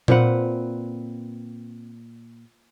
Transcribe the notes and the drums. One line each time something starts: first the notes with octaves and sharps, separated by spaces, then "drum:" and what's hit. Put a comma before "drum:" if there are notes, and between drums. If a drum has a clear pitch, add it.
A#2 C4 B4 F#5, drum: tom A#2